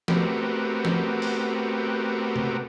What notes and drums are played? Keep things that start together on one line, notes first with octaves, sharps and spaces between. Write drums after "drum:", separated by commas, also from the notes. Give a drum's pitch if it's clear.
A3 B3 C4 F#4 G4 A#4, drum: snare
drum: snare
drum: open hi-hat
drum: tom